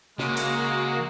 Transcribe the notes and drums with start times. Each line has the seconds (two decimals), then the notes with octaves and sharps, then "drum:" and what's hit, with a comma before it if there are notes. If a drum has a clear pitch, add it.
0.19 C#3 G#3 A#3 F#4, drum: snare
0.37 drum: hi-hat